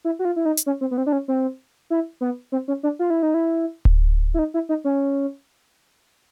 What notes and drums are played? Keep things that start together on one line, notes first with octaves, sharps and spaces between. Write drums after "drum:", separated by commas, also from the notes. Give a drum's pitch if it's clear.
E4
F#4
F4
E4
D#4
drum: hi-hat
C#4
C4
B3
C4
D4
C#4
C4
E4
B3
C4
C#4
D4
F4
E4
D#4
E4
drum: kick D1
E4
D#4
E4
D#4
C#4